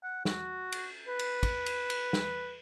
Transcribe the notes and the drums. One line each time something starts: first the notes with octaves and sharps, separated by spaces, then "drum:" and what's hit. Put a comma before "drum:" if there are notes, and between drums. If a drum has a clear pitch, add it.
F#5
F#4, drum: snare
drum: cymbal
B4
drum: cymbal
drum: kick, cymbal
drum: cymbal
drum: cymbal
drum: snare